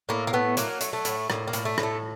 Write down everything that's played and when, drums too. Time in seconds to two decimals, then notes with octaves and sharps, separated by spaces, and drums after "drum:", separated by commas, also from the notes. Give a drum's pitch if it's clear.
0.09 A2 A#3
0.27 A#3
0.33 A3 B3
0.57 F#3 A#3, drum: hi-hat
0.81 A3, drum: hi-hat
0.93 A3
1.05 A2, drum: hi-hat
1.30 A2 A#3, drum: rim click
1.48 A#3
1.53 A2, drum: hi-hat
1.65 A3
1.78 A2, drum: rim click
1.83 A3